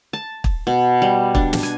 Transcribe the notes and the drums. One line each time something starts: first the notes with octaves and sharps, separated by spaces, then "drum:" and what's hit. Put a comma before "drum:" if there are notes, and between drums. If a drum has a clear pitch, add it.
A5
drum: kick
B2
G3
D4, drum: kick
drum: snare
G#5